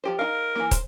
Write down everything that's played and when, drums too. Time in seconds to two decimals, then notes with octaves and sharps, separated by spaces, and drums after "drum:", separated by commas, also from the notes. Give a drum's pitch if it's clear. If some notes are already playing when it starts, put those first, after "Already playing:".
0.04 F3 G4 C5
0.19 D#4 A#4 F5
0.56 E3 A#3
0.71 C5, drum: kick, hi-hat